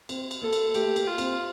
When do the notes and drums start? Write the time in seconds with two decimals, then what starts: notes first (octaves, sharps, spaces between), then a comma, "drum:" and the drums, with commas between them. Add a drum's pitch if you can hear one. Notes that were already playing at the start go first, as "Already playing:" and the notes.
0.09 C4, drum: cymbal
0.31 drum: cymbal
0.42 A#3 A4
0.53 drum: cymbal
0.74 A3 G4, drum: cymbal
0.96 A#3, drum: cymbal
1.07 F4
1.18 C4, drum: cymbal